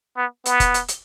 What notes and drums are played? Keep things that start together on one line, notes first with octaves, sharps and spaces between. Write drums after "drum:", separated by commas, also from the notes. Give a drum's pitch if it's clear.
B3
B3, drum: hi-hat
drum: kick F1, hi-hat
drum: hi-hat
drum: hi-hat